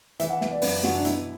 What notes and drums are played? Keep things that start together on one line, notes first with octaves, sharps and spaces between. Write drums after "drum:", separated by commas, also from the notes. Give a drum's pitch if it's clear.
E3 E5, drum: hi-hat
F#5
B3 E5, drum: snare
D5
F#2 B4, drum: open hi-hat
F#2 F#4, drum: snare
D4
B2 E4, drum: hi-hat